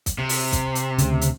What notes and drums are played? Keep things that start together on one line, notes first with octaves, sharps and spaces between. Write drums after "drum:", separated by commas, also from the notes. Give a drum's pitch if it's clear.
drum: kick, hi-hat
C3
drum: open hi-hat
drum: kick, hi-hat
drum: hi-hat
D2 C#3, drum: hi-hat
drum: hi-hat